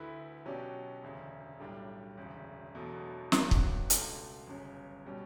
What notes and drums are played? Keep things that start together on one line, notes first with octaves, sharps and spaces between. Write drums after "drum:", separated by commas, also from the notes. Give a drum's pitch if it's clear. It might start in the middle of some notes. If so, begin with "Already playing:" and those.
Already playing: D2 D3 A3 E4 B4
B2 F#3 C#4 G4 D5
E1 D2 C#3
B1 A2 G3 D4
E1 D2 C#3
E1 E2 B2 F#3 A3
G2 F#3 B3 D4, drum: snare
drum: kick
C#2 B2 A3, drum: hi-hat
G1 F#2 C#3
B2 G3 C#4